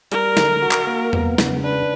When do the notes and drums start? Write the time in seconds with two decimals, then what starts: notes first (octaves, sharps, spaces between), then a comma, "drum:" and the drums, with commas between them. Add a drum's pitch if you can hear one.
0.12 G3 A#4, drum: hi-hat
0.37 D3, drum: snare
0.62 F#4
0.71 drum: clap
0.87 A#3
1.13 B3, drum: tom E2
1.38 C#3, drum: snare
1.64 D4 B4